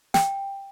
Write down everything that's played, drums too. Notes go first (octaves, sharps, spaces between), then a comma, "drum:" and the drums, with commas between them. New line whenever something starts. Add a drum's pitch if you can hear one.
G5, drum: snare